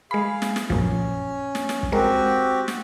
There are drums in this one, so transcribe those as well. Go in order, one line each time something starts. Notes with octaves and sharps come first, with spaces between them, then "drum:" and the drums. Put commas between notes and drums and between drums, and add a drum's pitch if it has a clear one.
G#3 G#4 F5 B5
drum: snare
drum: snare
F#2 A#2 F3 C#4, drum: kick
drum: snare
drum: snare
drum: kick
G#3 C4 F#4 G4 A#4
drum: snare